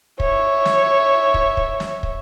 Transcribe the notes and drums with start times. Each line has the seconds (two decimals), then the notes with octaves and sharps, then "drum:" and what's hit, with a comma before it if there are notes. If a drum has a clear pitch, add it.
0.20 C#5 E5, drum: kick
0.65 drum: snare
1.34 drum: kick
1.57 drum: kick
1.80 drum: snare
2.03 drum: kick